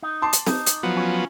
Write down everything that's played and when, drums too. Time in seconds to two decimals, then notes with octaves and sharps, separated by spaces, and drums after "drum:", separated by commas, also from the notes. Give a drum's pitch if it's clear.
0.03 D#4
0.22 A5 C6 D6
0.33 drum: hi-hat
0.46 D#4, drum: snare
0.66 drum: hi-hat
0.83 F3 F#3 B3
0.97 C#4 F4